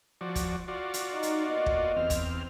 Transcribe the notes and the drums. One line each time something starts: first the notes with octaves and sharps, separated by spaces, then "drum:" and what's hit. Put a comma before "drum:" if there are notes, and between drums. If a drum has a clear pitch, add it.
F3 F#4 D5
drum: kick, hi-hat
F4 F#4 D5
drum: hi-hat
D#4
drum: hi-hat
B2 A#3 D#5
drum: kick
E2 C4 F6
drum: kick, hi-hat